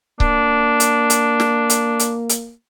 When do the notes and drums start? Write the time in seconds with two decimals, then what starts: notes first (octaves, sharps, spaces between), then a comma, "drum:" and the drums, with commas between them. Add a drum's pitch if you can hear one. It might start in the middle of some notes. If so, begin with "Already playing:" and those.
0.20 A#3 D4, drum: kick C#1
0.80 drum: hi-hat
1.10 drum: hi-hat
1.40 drum: snare
1.70 drum: hi-hat
1.99 drum: hi-hat
2.29 drum: hi-hat